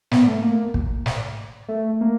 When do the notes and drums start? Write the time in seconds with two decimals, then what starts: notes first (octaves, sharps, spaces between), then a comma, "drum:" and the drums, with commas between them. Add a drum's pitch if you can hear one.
0.11 B3, drum: snare
0.27 A3
0.42 A#3
0.74 drum: kick
1.06 drum: snare
1.69 A3
2.01 A#3